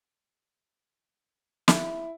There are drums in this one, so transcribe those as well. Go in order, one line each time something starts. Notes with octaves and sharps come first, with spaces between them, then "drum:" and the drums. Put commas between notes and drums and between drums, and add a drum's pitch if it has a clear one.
E4, drum: snare